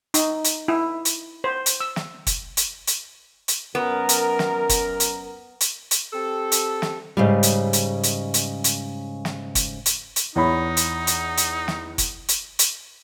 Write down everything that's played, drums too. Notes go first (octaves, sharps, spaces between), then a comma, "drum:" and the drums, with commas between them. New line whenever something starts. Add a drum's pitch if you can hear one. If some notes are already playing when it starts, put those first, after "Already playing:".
D#4, drum: hi-hat
drum: hi-hat
E4
drum: hi-hat
C5
drum: hi-hat
E6
drum: snare
drum: kick, hi-hat
drum: hi-hat
drum: hi-hat
drum: hi-hat
F#2 B3 A#4
drum: hi-hat
drum: snare
drum: kick, hi-hat
drum: hi-hat
drum: hi-hat
drum: hi-hat
C4 G4 A4
drum: hi-hat
drum: snare
G#2 C#3 G3
drum: hi-hat
drum: hi-hat
drum: hi-hat
drum: hi-hat
drum: hi-hat
drum: snare
drum: kick, hi-hat
drum: hi-hat
drum: hi-hat
E2 D#4 C#5 B5
drum: hi-hat
drum: hi-hat
drum: hi-hat
drum: snare
drum: kick, hi-hat
drum: hi-hat
drum: hi-hat